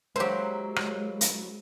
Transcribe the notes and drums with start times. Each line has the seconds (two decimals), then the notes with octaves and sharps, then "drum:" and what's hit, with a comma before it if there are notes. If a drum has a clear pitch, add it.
0.16 F#3 G#3 A#3 E4 G4 C5
0.76 drum: rim click
1.21 drum: hi-hat